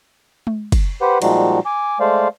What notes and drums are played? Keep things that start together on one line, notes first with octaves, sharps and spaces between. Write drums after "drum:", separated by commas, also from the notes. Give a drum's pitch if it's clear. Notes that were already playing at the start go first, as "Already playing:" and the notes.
drum: tom G#3
drum: kick, cymbal
G4 B4 C5 F#5
A#2 F3 G3 G#3 D#4 F#4, drum: cymbal
G#5 D6
G#3 A3 C5 D5 F5